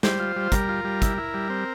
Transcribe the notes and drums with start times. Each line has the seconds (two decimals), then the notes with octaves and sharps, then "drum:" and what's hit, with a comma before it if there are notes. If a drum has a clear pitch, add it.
0.03 G3 C5, drum: snare
0.20 F4
0.36 G3
0.52 G3 A#4, drum: kick, hi-hat
0.69 F4
0.85 G3
1.02 E4, drum: kick, hi-hat
1.18 E4
1.34 G3
1.50 C4